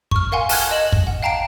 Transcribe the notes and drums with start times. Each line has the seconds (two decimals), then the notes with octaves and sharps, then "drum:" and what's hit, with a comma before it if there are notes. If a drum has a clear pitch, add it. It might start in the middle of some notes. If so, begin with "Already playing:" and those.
0.11 C#6 F6, drum: kick
0.32 A#4 F5 F#5 G#5 C6
0.49 G#5 A5 F6 F#6 G#6, drum: open hi-hat
0.71 D#5 E7 F#7
0.92 drum: kick
1.07 F#5
1.23 F5 G5 A5 A#5 C7 D7